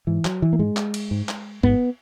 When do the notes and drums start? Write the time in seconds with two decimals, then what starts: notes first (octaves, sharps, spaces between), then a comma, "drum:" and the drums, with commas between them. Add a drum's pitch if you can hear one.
0.07 G#2 E3
0.25 F#3, drum: clap
0.42 E3
0.53 A#3
0.59 G#2 G#3
0.77 drum: clap
0.94 drum: cymbal
1.11 G#2
1.29 drum: clap
1.63 G#2 B3, drum: kick